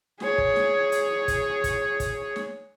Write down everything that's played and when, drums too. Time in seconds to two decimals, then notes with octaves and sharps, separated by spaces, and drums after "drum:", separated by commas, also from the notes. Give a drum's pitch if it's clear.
0.20 G#4 C#5, drum: snare
0.38 drum: kick
0.56 drum: snare
0.92 drum: hi-hat
1.28 drum: kick, hi-hat
1.64 drum: kick, hi-hat
2.00 drum: kick, hi-hat
2.36 drum: snare